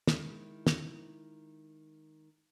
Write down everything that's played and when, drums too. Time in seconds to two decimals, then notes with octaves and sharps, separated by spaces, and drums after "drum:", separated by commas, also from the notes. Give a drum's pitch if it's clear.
0.08 D#3 G#3 E4, drum: snare
0.67 drum: snare